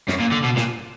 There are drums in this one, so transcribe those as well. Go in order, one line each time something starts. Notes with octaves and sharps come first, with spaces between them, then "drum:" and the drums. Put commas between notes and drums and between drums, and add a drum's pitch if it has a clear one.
F#2, drum: snare
A#2
D3
B2
A#2, drum: snare